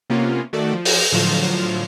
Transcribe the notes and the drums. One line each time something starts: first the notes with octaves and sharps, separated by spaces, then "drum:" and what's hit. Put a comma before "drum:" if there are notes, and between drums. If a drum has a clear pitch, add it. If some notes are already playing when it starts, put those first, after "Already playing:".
C3 A#3 B3 C#4 F4
D#3 A3 F#4 A4 D5
F3
drum: open hi-hat
A2 D3 F3 F#3 F4